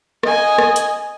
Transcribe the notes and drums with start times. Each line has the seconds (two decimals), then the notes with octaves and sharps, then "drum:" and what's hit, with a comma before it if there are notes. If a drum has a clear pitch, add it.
0.23 D#5 G#5, drum: rim click
0.58 drum: rim click
0.76 drum: hi-hat